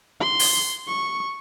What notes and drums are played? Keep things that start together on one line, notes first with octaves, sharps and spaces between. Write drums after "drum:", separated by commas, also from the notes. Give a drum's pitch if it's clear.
C6
drum: open hi-hat
C#6